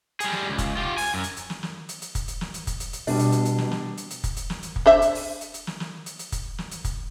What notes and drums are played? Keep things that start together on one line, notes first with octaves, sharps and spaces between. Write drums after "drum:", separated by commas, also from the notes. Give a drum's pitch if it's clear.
G3 G#4, drum: hi-hat
drum: snare
C#2
drum: kick, hi-hat
F4 G4
G#5, drum: open hi-hat
F#2
drum: hi-hat
drum: hi-hat
drum: snare
drum: snare
drum: hi-hat
drum: hi-hat
drum: kick, hi-hat
drum: hi-hat
drum: snare
drum: hi-hat
drum: kick, hi-hat
drum: hi-hat
drum: hi-hat
B2 G3 D4, drum: open hi-hat
drum: hi-hat
drum: hi-hat
drum: hi-hat
drum: snare
drum: snare
drum: hi-hat
drum: hi-hat
drum: kick, hi-hat
drum: hi-hat
drum: snare
drum: hi-hat
drum: kick
D4 C5 E5
drum: hi-hat
drum: open hi-hat
drum: hi-hat
drum: hi-hat
drum: snare
drum: snare
drum: hi-hat
drum: hi-hat
drum: kick, hi-hat
drum: snare
drum: hi-hat
drum: kick, hi-hat